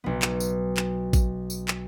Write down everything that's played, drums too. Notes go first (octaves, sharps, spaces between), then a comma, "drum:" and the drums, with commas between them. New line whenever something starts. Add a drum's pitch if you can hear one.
B1 B3
drum: clap
drum: tambourine
drum: clap
drum: kick A1, tambourine
drum: tambourine
drum: clap